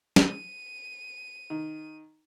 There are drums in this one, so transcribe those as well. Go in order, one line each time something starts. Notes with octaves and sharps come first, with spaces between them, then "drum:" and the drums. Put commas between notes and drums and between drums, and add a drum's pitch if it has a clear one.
D#7, drum: snare
D#3